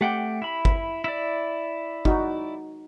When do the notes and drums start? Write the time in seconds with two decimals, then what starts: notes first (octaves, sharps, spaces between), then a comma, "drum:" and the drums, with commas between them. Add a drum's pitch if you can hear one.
0.01 A3 G4 F#5 G5
0.42 E4 B5
0.65 drum: kick G1
1.04 E4 D5
2.05 D#4 F#4, drum: kick G1